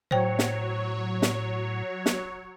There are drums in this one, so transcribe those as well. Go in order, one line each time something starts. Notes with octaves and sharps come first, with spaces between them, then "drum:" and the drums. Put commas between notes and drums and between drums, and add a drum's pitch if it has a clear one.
A2 F#3 C5 C#5 G5
drum: snare
drum: snare
drum: snare